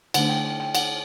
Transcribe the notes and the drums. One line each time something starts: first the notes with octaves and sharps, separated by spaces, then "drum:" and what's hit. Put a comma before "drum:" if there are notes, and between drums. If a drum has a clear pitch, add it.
D3 A3 D4 F#5, drum: cymbal
G5
G5
G5
F#5, drum: cymbal